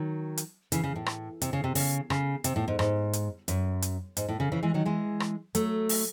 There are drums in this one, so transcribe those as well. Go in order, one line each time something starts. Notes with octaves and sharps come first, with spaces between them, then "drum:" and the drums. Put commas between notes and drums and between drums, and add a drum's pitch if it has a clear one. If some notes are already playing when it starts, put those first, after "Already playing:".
Already playing: D#3 F#3
drum: hi-hat
C#3 E3, drum: hi-hat
C#3
A2
drum: rim click
C3, drum: hi-hat
C#3
C3
C#3, drum: open hi-hat
C#3, drum: rim click
C3, drum: hi-hat
A2
G#2
G#2, drum: rim click
drum: hi-hat
F#2, drum: hi-hat
drum: hi-hat
G#2, drum: hi-hat
A2
C#3
C#3 E3
E3 G#3
D#3 F#3
E3 G#3
drum: rim click
F#3 A3, drum: hi-hat
drum: open hi-hat